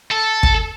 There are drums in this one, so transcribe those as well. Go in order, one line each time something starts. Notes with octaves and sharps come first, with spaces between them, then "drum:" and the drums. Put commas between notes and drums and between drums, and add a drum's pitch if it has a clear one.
A4
drum: kick